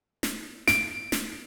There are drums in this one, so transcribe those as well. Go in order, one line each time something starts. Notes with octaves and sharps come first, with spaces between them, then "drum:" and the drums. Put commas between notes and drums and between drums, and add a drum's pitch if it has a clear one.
drum: snare
D7, drum: snare
drum: snare